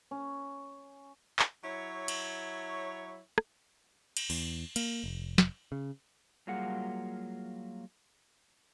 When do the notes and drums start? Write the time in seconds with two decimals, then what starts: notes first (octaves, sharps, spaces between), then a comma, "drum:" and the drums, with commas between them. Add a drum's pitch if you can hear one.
0.11 C#4
1.39 drum: clap
1.64 F#3 E4 C#5
2.08 drum: cymbal
3.38 drum: rim click
4.17 drum: cymbal
4.30 E2, drum: cymbal
4.76 A#3, drum: cymbal
5.04 F1
5.38 drum: snare
5.72 C#3
6.47 F#3 G3 A#3 F4 G#4 F#5